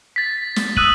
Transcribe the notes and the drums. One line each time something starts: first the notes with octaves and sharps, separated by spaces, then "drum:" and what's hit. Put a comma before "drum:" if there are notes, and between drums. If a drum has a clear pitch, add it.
A6 B6
drum: snare
D#6 E6 F#6 D#7 F#7, drum: kick